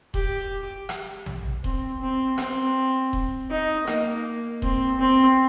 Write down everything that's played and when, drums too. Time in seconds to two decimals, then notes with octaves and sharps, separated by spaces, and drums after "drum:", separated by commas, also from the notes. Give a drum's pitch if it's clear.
0.14 G4, drum: kick D#1
0.89 drum: rim click
1.26 drum: tom A#1
1.64 C4, drum: kick D#1
2.01 C4
2.38 C4, drum: rim click
3.13 drum: kick D#1
3.50 D#4
3.87 A#3, drum: rim click
4.62 C4, drum: kick D#1
4.99 C4